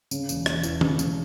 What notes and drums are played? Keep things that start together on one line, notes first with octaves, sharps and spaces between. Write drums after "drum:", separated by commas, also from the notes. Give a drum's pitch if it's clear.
C#3, drum: tambourine
E1, drum: tambourine
E1, drum: rim click
E2, drum: tambourine
C#3, drum: tom D#3
E1, drum: tambourine